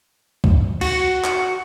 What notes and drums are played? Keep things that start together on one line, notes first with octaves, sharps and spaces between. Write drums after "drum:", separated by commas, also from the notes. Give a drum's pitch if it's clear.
drum: kick
F#4, drum: cymbal
drum: clap